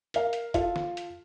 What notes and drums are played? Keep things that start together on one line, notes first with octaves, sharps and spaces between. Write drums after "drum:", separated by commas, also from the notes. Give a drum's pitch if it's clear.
A#4 F5, drum: hi-hat
drum: hi-hat
F4 A4, drum: kick F1, hi-hat
drum: snare
drum: hi-hat